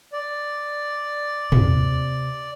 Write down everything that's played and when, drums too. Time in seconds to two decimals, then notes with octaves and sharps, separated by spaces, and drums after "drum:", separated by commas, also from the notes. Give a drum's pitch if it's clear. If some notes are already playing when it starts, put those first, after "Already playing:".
0.13 D5
1.52 C3, drum: tom